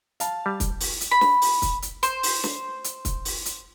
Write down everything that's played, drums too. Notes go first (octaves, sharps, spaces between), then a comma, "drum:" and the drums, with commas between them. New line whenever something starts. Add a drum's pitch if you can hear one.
F5 A5, drum: hi-hat
G3
drum: kick, hi-hat
drum: open hi-hat
drum: hi-hat
B5
drum: snare
drum: open hi-hat
drum: kick, hi-hat
drum: hi-hat
C5, drum: hi-hat
drum: open hi-hat
drum: snare
drum: hi-hat
drum: kick, hi-hat
drum: open hi-hat
drum: hi-hat